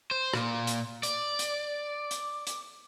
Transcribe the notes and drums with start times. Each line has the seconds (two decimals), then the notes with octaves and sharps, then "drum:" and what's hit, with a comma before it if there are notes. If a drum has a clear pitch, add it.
0.11 C5
0.34 A#2, drum: rim click
0.67 drum: hi-hat
1.03 D5, drum: hi-hat
1.39 drum: hi-hat
2.11 drum: hi-hat
2.47 drum: hi-hat